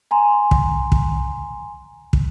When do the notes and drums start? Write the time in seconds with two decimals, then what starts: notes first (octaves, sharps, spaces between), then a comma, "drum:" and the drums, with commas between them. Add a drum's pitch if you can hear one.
0.11 G#5 A#5 C6
0.51 drum: kick
0.92 drum: kick
2.13 drum: kick